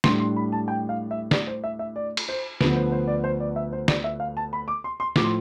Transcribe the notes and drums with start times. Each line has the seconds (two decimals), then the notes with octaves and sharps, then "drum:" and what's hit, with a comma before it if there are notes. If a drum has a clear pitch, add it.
0.04 A2 G3 D4 C6, drum: snare
0.20 C6
0.36 B5
0.52 A5
0.68 G5
0.89 F5
1.11 E5
1.31 D5, drum: snare
1.47 C5
1.64 E5
1.79 E5
1.96 D5
2.17 drum: cymbal
2.29 C5
2.61 D2 D3 F3 B3 B4, drum: snare
2.76 C5
2.92 C5
3.07 D5
3.24 C5
3.40 D5
3.56 E5
3.73 C5
3.88 D5, drum: snare
4.04 E5
4.20 F5
4.37 A5
4.53 B5
4.68 D6
4.84 C6
5.00 C6
5.16 A2 F3 D6, drum: snare
5.24 C6